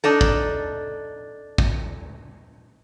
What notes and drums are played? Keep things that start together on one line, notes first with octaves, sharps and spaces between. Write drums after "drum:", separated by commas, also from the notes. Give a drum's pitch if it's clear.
D4 D#4 A4
drum: kick
drum: kick